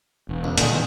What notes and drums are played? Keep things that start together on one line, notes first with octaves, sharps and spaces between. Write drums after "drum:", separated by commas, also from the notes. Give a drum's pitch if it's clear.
E1
C#2
A#2 D3 D#3 G#3, drum: hi-hat
E2